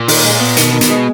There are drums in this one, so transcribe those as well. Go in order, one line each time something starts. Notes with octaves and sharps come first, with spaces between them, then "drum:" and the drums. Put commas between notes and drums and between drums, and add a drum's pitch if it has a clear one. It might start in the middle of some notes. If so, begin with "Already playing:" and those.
Already playing: A#2
D#3, drum: open hi-hat
G#3
B3
B2 D#3, drum: hi-hat
D#3
B2, drum: hi-hat
G#3